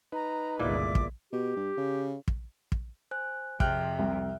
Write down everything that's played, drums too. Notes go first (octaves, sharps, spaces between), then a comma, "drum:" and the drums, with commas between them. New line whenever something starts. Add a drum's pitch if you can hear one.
D#4 B4 A#5
G1 C#2 A#2 E3 G#3 D5 E5 D6
drum: kick
B2 G4
G2
C#3
drum: kick
drum: kick
C5 G#5 F#6
F2 C3 G#4 E5 G5 F6 F#6, drum: kick
C2 E5